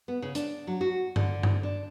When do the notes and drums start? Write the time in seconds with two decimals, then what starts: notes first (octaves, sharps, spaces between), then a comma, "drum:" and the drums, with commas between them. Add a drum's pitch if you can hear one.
0.08 B3
0.22 C#3
0.35 D4, drum: hi-hat
0.67 F#3
0.81 F#4
1.16 D3, drum: tom G2
1.43 drum: tom G2
1.63 D4